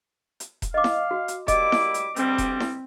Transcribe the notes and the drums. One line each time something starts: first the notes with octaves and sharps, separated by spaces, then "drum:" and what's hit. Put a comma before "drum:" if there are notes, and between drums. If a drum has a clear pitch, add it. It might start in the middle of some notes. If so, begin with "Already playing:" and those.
drum: hi-hat
drum: kick E1, hi-hat
D#5 F5 D6
drum: snare E4
F#4
drum: hi-hat
G3 A#3 E4 D#5 D6, drum: kick E1, hi-hat
drum: snare E4
drum: hi-hat
D2 G2 G3 C4, drum: hi-hat
drum: kick E1, hi-hat
drum: snare E4